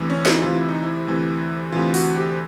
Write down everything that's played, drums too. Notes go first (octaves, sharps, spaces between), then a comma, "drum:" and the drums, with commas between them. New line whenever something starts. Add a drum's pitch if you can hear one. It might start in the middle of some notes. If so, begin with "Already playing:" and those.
Already playing: D2 C3 E3
C#4
D#4, drum: snare
D2 C3 E3 F4
E4
D#4
E4
D2 C3 E3
D2 C3 E3 F4
F#4, drum: open hi-hat
G4